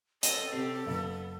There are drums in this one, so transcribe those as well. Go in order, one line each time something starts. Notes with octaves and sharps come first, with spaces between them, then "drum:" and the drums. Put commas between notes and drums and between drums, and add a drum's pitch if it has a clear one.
A4 D#5, drum: hi-hat
C3 C4 G4
F#1 B3 F5